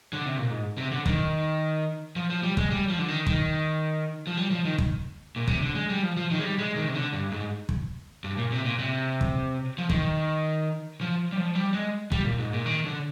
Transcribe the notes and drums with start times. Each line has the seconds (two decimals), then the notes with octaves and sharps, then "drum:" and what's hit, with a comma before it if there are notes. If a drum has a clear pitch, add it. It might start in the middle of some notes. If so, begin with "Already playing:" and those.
0.13 D3
0.25 C3
0.38 A#2
0.50 G#2
0.78 C3
0.91 D3
1.06 D#3, drum: kick
2.16 F3
2.30 F3
2.43 G3
2.57 G#3, drum: kick
2.71 G3
2.89 F3
2.99 D3
3.08 D#3
3.27 D#3, drum: kick
4.27 F3
4.37 G3
4.51 F3
4.65 D#3
4.78 drum: kick
5.36 A#2
5.48 C3, drum: kick
5.62 D3
5.75 G#3
5.90 G3
6.03 F3
6.17 F3
6.31 D#3
6.38 G#3
6.44 G3
6.58 G#3
6.76 D#3
6.88 C3
6.95 D3
7.13 G2
7.32 G#2
7.69 drum: kick
8.24 G2
8.38 A#2
8.52 C3
8.65 A#2
8.79 C3
9.21 drum: kick
9.78 F3
9.90 D#3, drum: kick
11.01 F3
11.33 G3
11.37 F3
11.55 G3
11.74 G#3
12.12 G3, drum: kick
12.25 A#2
12.39 G#2
12.53 A#2
12.66 D#3
12.85 D3